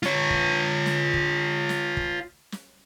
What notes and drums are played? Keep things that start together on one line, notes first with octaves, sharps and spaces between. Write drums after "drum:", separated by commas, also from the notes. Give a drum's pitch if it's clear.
F4 C#5, drum: snare
drum: kick
drum: snare
drum: kick
drum: snare
drum: kick
drum: snare